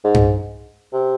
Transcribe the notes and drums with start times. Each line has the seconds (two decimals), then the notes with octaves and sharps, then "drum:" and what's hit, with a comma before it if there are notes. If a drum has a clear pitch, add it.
0.04 G#2
0.14 drum: tom G2
0.93 C3